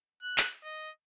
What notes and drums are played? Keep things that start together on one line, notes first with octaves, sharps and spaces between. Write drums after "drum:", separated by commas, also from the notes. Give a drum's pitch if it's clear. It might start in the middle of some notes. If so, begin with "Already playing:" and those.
F#6
drum: clap
D#5